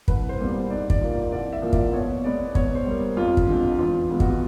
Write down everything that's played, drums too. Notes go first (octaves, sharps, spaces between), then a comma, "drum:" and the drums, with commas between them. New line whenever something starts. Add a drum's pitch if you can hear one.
C2 B4, drum: kick
C5
A#2 G3 B3
G#2 D5
D5, drum: kick
F3 A#3
D5
C2 D5
E5
A#2 F3 A#3
D5, drum: kick
B2 C#5
G#3 B3 D5
B2 C#5, drum: kick
C5
G3 A#3
F2 F4
drum: kick
D3 F3 G#3 C4
E2 F4
B2 G#3 B3
F#4, drum: kick